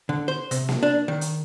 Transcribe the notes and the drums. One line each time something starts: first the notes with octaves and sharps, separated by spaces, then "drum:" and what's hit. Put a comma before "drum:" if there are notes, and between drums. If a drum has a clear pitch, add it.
D3
C5
C3, drum: hi-hat
drum: snare A#3
D4
D#3
drum: hi-hat